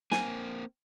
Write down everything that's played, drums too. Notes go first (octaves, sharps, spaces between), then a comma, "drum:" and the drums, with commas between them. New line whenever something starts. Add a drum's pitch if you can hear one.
A#3 C4 G#5, drum: snare